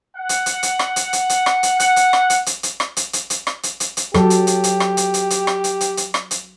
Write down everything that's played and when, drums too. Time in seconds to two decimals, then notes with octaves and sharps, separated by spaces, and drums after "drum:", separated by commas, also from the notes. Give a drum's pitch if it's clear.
0.17 F#5
0.29 drum: hi-hat
0.46 drum: hi-hat
0.63 drum: hi-hat
0.79 drum: rim click
0.96 drum: hi-hat
1.13 drum: hi-hat
1.29 drum: hi-hat
1.46 drum: rim click
1.63 drum: hi-hat
1.80 F#5, drum: hi-hat
1.96 drum: hi-hat
2.13 drum: rim click
2.30 drum: hi-hat
2.46 drum: hi-hat
2.63 drum: hi-hat
2.80 drum: rim click
2.97 drum: hi-hat
3.13 drum: hi-hat
3.30 drum: hi-hat
3.47 drum: rim click
3.63 drum: hi-hat
3.80 drum: hi-hat
3.97 drum: hi-hat
4.14 F#3 G4 A4, drum: rim click
4.30 drum: hi-hat
4.47 drum: hi-hat
4.64 drum: hi-hat
4.80 drum: rim click
4.97 drum: hi-hat
5.14 drum: hi-hat
5.30 drum: hi-hat
5.47 drum: rim click
5.64 drum: hi-hat
5.81 drum: hi-hat
5.97 drum: hi-hat
6.14 drum: rim click
6.31 drum: hi-hat